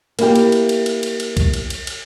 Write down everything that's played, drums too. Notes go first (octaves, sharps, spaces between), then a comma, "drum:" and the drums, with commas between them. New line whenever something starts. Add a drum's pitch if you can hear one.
A#3 E4 G4, drum: cymbal
drum: cymbal
drum: cymbal
drum: cymbal
drum: cymbal
drum: cymbal
drum: cymbal
drum: kick B1, cymbal
drum: cymbal
drum: cymbal
drum: cymbal